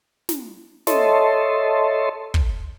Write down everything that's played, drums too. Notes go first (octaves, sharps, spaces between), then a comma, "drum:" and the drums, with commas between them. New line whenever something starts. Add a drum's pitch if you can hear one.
drum: snare
A4 C#5 D#5 E5 A5 C6, drum: snare
drum: kick